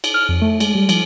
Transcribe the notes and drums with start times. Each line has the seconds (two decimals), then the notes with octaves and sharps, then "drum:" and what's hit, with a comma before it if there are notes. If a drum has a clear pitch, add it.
0.04 drum: cymbal
0.14 F6
0.29 F2
0.41 A3
0.60 G#3, drum: cymbal
0.75 G3
0.89 F3, drum: cymbal